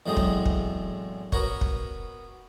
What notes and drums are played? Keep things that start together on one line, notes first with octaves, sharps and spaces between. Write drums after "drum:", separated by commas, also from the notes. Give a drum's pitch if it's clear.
E2 A2 F#3 G#3 C4 D#6
drum: kick
drum: kick
B3 F#4 A#4 C#5, drum: kick
drum: kick